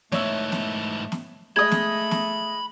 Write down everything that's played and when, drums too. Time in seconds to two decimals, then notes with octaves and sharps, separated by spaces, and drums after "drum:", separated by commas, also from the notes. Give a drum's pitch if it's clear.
0.12 G#2 E3 A3 C#5 E5, drum: snare
0.52 drum: snare
1.12 drum: snare
1.56 G#3 A3 D#5 B5 G#6
1.72 drum: snare
2.11 drum: snare